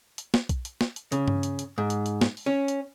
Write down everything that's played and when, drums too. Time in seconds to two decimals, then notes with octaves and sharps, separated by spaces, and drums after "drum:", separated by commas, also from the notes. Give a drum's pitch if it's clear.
0.18 drum: hi-hat
0.34 drum: snare
0.49 drum: kick B1, hi-hat
0.65 drum: hi-hat
0.81 drum: snare
0.96 drum: hi-hat
1.12 C#3, drum: hi-hat
1.28 drum: tom G2
1.43 drum: hi-hat
1.59 drum: hi-hat
1.78 G#2
1.90 drum: hi-hat
2.06 drum: hi-hat
2.21 drum: snare
2.37 drum: open hi-hat
2.46 C#4
2.68 drum: hi-hat